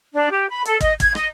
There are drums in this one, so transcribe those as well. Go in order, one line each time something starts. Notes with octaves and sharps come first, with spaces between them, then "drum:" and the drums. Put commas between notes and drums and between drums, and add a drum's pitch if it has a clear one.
D4
G4
B5
A4, drum: hi-hat
D#5, drum: kick, hi-hat
G#6, drum: kick, hi-hat
D#5, drum: rim click